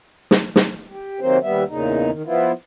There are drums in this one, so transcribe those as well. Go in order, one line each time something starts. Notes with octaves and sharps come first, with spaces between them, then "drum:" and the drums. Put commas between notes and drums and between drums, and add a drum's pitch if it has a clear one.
drum: snare
drum: snare
G4
C3 D#3 F#3 A#3 C4 C5
D#2 G3 B3 E5
E2 A#2 C#3 D#4
D#3
F3 B3 E4 F4